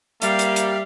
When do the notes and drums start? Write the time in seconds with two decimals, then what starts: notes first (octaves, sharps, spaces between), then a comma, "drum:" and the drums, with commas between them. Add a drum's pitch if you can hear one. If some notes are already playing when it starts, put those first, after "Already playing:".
0.22 G3 A#3 E5 F5, drum: hi-hat
0.39 drum: hi-hat
0.56 drum: hi-hat